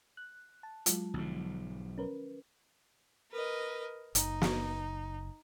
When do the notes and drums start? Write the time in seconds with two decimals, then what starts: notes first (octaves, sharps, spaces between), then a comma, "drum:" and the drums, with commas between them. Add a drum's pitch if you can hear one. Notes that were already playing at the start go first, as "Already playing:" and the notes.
0.17 F#6
0.63 A5
0.86 F#3 G#3 F4, drum: hi-hat
1.14 B1 G#2 D3 F3
1.98 C#4 A#4 B4
3.31 A#4 B4 D#5
4.15 F#1 D#4, drum: hi-hat
4.42 drum: snare